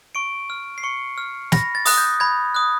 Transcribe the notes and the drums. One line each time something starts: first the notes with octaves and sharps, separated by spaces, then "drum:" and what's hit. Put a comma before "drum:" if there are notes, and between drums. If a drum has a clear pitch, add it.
C#6 D7
F6
C7
C#6 C#7
F6
B5 A#6, drum: snare
A6
D#6 F#6, drum: open hi-hat
G6
B5 G#6
D#6 F#6